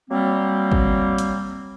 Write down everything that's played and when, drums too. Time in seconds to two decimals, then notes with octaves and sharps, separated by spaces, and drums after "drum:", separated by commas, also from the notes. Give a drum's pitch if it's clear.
0.10 F#3 G3 A#3 C4
0.72 drum: kick
1.18 drum: hi-hat